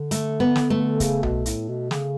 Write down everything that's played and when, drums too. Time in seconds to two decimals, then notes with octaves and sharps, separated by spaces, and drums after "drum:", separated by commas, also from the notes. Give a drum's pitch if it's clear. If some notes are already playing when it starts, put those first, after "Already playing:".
Already playing: D3
0.11 A3, drum: hi-hat
0.40 B3
0.56 drum: snare
0.70 A3
1.00 C#3, drum: kick C#1, hi-hat
1.23 B2, drum: tom B1
1.46 A2, drum: hi-hat
1.68 B2
1.91 C#3, drum: snare